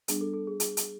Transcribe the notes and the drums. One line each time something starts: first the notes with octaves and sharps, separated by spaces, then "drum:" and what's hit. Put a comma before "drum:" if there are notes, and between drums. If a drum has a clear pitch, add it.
G3 B3 D4 G#4, drum: hi-hat
A4
A4
G#4
G#4, drum: hi-hat
drum: hi-hat